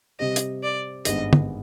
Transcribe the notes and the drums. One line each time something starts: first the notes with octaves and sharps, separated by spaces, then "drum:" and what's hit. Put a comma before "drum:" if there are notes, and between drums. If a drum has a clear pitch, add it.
C3 G3 C4 G4 D#5
drum: hi-hat
D5
G#1 G2 D#3 G#3 B3 D#5, drum: hi-hat
drum: tom